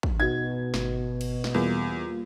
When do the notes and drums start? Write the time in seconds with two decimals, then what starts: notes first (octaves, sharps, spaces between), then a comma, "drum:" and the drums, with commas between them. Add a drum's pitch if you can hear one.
0.03 drum: kick
0.20 B2 D#4 F#4 G#6
0.74 G#1, drum: snare
1.21 drum: cymbal
1.44 drum: snare
1.54 E2 G3 A#3 F4